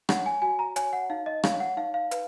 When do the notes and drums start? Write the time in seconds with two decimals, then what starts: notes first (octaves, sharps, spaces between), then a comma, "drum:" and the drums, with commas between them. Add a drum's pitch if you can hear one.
0.09 C#5 F#5, drum: rim click
0.26 G#5
0.42 F#4 G#5
0.59 A#5
0.76 C#5 G#5, drum: hi-hat
0.93 F#5
1.10 D#4 F5
1.26 D#5
1.43 C#5 F5, drum: rim click
1.60 F#5
1.77 D#4 F5
1.94 F5
2.11 B4, drum: hi-hat